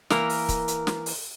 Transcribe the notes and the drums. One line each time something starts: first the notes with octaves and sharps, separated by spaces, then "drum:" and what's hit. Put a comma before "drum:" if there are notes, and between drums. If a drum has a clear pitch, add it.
E3 A#3 A#4, drum: snare
drum: open hi-hat
drum: kick, hi-hat
drum: hi-hat
drum: snare
drum: open hi-hat